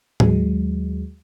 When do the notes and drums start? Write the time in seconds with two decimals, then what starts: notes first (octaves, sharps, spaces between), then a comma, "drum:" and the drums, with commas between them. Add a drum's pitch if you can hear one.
0.20 D#2 F#3 G#3, drum: tom A2